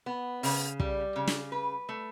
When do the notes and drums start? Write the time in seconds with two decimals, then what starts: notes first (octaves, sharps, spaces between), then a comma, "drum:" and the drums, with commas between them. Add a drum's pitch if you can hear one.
0.06 B3
0.43 C#3, drum: open hi-hat
0.80 G3, drum: kick
1.16 C#3
1.27 drum: snare
1.52 B4
1.89 A3